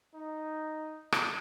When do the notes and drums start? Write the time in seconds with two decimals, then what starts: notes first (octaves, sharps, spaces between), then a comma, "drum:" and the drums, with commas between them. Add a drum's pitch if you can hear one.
0.14 D#4
1.12 drum: rim click